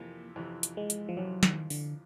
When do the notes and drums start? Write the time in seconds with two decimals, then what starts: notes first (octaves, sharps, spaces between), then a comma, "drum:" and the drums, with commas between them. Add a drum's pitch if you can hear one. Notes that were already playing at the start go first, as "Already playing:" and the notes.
Already playing: F2 C3 E3 A#3
0.36 F2 C3 E3
0.63 drum: hi-hat
0.77 G#3
0.90 drum: hi-hat
1.09 F3
1.17 F2 C3 E3 F#3
1.43 D#3, drum: snare
1.70 D3, drum: open hi-hat